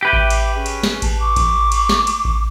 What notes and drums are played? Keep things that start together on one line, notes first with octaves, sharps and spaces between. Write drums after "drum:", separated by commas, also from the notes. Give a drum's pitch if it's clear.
G4 B4 E5 G5 D6
drum: kick A1
drum: cymbal
C#4 G#4
drum: cymbal
drum: snare
A5, drum: kick A1, cymbal
C#6 D6
drum: kick A1, cymbal
drum: cymbal
drum: snare
drum: cymbal
drum: kick A1